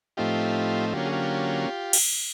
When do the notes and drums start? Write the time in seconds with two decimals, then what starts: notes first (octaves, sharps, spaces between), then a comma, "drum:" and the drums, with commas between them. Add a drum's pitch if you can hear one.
0.17 A2 F3 A3 C4 D#4 F4 G4
0.93 D3 F#3 A#3 C#4 F4 G4
1.05 G#4
1.12 F4 G4
1.93 drum: cymbal